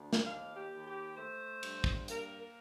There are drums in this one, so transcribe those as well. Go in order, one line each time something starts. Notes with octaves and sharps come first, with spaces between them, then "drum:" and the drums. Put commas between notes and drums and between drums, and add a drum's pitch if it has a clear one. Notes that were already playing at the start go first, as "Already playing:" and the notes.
Already playing: D2
drum: snare
D#2 F5
G4
D#2
G4
A3 C5
G2, drum: cymbal
drum: kick
A#3 A#4, drum: hi-hat
A#4